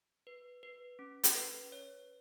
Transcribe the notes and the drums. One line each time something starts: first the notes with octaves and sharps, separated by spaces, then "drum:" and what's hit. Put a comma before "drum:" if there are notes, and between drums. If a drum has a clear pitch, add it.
B4
B4
C#4
drum: hi-hat
B4
C#5